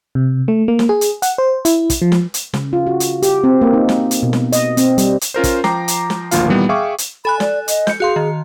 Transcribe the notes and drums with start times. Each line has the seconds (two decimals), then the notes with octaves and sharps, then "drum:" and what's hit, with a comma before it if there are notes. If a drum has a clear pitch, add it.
0.15 C3
0.48 A3
0.68 A#3
0.79 drum: snare
0.89 G#4
1.01 drum: hi-hat
1.22 F#5, drum: hi-hat
1.38 C5
1.65 E4, drum: hi-hat
1.90 drum: kick, hi-hat
2.02 F3
2.12 drum: snare
2.34 drum: hi-hat
2.54 C#3, drum: snare
2.73 F4
2.87 F#4
3.00 drum: hi-hat
3.22 G4, drum: hi-hat
3.44 C4
3.61 A#3
3.73 D#4
3.89 drum: snare
4.11 drum: hi-hat
4.23 B2
4.33 drum: snare
4.52 D#5, drum: hi-hat
4.77 C4, drum: hi-hat
4.98 G3, drum: hi-hat
5.21 drum: hi-hat
5.34 C#4 F4 A#4 C5
5.44 drum: kick, hi-hat
5.64 F3 G5 A#5 D6 C7, drum: snare
5.88 drum: hi-hat
6.10 drum: snare
6.31 G#1 D2 F3 A#3 F4 F5, drum: hi-hat
6.48 A#2 D#3 E3 G3 B3
6.69 G#4 E5 F5 G5 C#6 D6
6.98 drum: hi-hat
7.25 A4 G#5 B5 F#6
7.40 D5, drum: snare
7.68 D#5, drum: hi-hat
7.87 G6 C#7, drum: snare
8.00 F#4 G#4 F5 C6
8.16 D#3